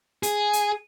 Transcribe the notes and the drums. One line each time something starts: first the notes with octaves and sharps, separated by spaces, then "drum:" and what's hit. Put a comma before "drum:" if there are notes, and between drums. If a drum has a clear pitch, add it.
G#4, drum: hi-hat
drum: hi-hat